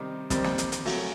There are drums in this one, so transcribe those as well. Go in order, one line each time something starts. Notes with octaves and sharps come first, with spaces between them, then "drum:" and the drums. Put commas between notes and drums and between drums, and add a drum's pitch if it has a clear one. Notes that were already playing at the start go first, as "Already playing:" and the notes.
Already playing: C3 D#3 G3 C4 D#4
C3 D#3 G3 C4 D#4, drum: kick, hi-hat
drum: snare
drum: hi-hat
drum: hi-hat
C#3 F#3 A3 C#4 F#4, drum: open hi-hat